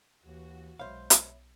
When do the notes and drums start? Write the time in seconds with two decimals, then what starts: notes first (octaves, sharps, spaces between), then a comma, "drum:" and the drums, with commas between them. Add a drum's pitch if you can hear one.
0.24 D#2 E3 F#4
0.79 B1 G#3 C5 C#5 E5 F5 B5
1.10 drum: hi-hat